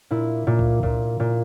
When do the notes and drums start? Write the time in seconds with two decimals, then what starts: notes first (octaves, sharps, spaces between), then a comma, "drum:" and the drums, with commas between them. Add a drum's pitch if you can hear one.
0.11 A#2 E4
0.47 A#2
0.59 drum: kick C#2
0.83 A#2, drum: kick C#2
1.20 A#2